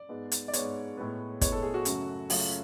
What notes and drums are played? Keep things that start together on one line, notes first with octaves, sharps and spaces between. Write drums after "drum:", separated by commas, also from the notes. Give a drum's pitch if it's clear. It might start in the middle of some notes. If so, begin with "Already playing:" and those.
Already playing: D5
G#2 G#3 B3
drum: hi-hat
D5
G#2 G#3 B3 C#5, drum: hi-hat
A2 G#3 B3
A2 G#3 B3 C#5, drum: kick, hi-hat
A4
G#4
F#4
F#2 C#3 F#3 A3, drum: hi-hat
F#2 C#3 F#3 A3 F4, drum: open hi-hat